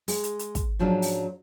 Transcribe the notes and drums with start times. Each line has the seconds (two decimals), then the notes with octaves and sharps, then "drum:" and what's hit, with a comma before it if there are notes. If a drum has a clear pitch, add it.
0.08 G#3, drum: open hi-hat
0.24 drum: hi-hat
0.39 drum: hi-hat
0.55 drum: kick, hi-hat
0.79 G#2 F3 F#3 C#4 D4
1.02 drum: open hi-hat